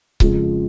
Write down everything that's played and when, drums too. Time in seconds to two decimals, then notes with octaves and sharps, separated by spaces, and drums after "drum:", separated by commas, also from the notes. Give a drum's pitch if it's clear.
0.20 F2 C#3 F3 G#3, drum: kick C#1